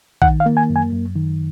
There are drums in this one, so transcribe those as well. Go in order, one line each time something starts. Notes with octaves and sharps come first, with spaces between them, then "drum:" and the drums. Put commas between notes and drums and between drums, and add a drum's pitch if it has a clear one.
D#3 F#5, drum: kick
F5
A#3
G#5
F#2
G#5
F#2
D#3